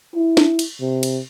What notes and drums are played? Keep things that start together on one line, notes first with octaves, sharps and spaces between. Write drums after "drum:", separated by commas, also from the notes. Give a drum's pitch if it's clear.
E4
drum: snare D4
drum: cymbal
C3
drum: cymbal